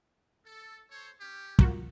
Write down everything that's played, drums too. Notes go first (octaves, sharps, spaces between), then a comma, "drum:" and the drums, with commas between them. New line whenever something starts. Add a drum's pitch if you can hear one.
A4
A4 C5 C#5
C#4 G4
F4 F#4 A#4, drum: kick